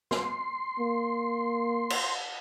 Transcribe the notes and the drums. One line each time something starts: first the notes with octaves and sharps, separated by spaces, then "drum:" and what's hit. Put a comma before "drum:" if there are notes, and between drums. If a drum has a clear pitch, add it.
C6, drum: snare
A#3
drum: cymbal